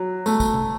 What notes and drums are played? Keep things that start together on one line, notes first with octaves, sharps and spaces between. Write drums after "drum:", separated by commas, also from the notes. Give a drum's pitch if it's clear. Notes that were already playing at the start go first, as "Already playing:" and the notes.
Already playing: F#3
A3, drum: tambourine
drum: kick, tambourine
drum: tom C3